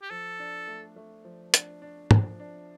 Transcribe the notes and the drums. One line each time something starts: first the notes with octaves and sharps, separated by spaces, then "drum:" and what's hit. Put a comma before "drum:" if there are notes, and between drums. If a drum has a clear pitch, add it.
G4
F3 A4
D4
A3
A3
F3
D4, drum: hi-hat
D4
F3, drum: tom
D4